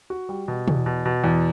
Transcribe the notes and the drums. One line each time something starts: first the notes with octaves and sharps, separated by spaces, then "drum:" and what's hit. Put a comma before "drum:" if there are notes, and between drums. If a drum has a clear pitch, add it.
F#4
G3
B2
E2, drum: tom B2
B2
B2
E2